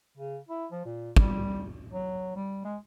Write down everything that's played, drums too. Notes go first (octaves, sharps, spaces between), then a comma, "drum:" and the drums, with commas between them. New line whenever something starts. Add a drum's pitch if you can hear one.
C#3
E4
F3
A#2
G3, drum: kick
F#3
G3
G#3